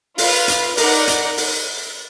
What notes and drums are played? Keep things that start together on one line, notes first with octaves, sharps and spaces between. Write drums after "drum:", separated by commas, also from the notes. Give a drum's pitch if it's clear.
F4 B4 F5, drum: open hi-hat
drum: hi-hat
D#4 A#4 D5 F#5, drum: open hi-hat
drum: hi-hat
drum: open hi-hat